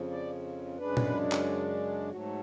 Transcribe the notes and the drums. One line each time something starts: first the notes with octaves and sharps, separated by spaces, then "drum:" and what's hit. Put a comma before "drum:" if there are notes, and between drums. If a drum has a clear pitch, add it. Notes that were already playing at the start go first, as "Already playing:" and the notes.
Already playing: F2 C#3 F3
D5
F#2 C#3 G#3 D4 B4
drum: tom
drum: clap
G#2 F#3 A3 F#4